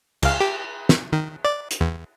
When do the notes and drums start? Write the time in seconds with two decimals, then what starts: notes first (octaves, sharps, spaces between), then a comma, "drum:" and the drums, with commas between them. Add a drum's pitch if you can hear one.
0.23 C#2 F5, drum: cymbal
0.40 G4
0.89 drum: snare
1.12 D#3
1.45 D5
1.71 drum: hi-hat
1.81 E2